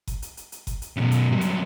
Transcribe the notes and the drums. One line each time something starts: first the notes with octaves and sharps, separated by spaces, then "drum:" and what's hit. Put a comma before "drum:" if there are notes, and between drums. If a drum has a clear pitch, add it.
drum: kick F#1, hi-hat
drum: hi-hat
drum: hi-hat
drum: hi-hat
drum: kick F#1, hi-hat
drum: hi-hat
F#2 B2
drum: hi-hat
G2 F#3
drum: hi-hat